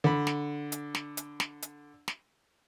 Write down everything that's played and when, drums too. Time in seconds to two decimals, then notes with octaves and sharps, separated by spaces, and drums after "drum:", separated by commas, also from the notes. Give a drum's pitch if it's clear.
0.04 D3 B5
0.27 drum: snare
0.72 drum: hi-hat
0.95 drum: snare
1.17 drum: hi-hat
1.40 drum: snare
1.62 drum: hi-hat
2.08 drum: snare